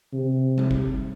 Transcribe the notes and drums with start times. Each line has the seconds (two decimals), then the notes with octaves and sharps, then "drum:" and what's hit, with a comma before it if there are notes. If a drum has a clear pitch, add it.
0.13 C3
0.58 drum: tom G3
0.71 drum: kick G1